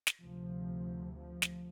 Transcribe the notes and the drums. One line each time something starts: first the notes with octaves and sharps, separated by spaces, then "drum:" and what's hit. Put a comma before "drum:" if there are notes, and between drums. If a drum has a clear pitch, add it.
drum: snare
D2 C3 F3
F3
drum: snare